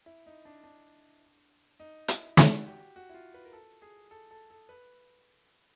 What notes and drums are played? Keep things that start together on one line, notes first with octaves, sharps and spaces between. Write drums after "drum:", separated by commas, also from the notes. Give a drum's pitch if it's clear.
E4
D#4
D4
D4
D#4
E4, drum: hi-hat
F#4, drum: snare
G4
F#4
E4
F4
B4
A#4
A4
G#4
A4
A4
A4
B4